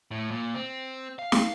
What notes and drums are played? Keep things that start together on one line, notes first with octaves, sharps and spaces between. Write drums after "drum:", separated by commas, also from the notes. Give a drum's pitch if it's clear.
A2
A#2
C4
F5
drum: snare